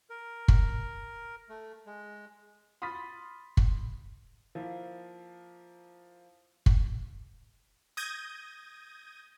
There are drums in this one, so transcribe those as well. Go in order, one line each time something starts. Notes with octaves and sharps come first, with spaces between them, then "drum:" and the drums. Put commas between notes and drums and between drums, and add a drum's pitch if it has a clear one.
A#4
drum: kick
A3
G#3
B5 C6 D#6 F6 A6 B6
drum: kick
F3 A#3 E4
drum: kick
D#6 G6 G#6 A#6 D#7